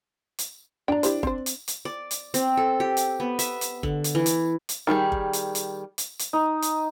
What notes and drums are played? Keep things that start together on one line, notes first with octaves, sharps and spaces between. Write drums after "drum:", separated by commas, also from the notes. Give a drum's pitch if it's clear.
drum: hi-hat
D4 G5 A#5
E4 G4 C5, drum: hi-hat
C4 C5, drum: kick G1
drum: hi-hat
drum: hi-hat
D5
drum: hi-hat
C4, drum: hi-hat
A4
G4
drum: hi-hat
B3
E5, drum: hi-hat
drum: hi-hat
D3, drum: kick G1
drum: hi-hat
E3
drum: hi-hat
drum: hi-hat
D#3 G3 G4 G#4
drum: kick G1
drum: hi-hat
drum: hi-hat
drum: hi-hat
drum: hi-hat
D#4
drum: hi-hat